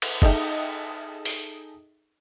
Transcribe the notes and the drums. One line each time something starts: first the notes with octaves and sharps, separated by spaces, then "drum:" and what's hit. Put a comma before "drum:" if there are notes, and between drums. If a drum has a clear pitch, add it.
drum: cymbal
D#4 G#4 A4 D#5 E5 G5, drum: kick
drum: open hi-hat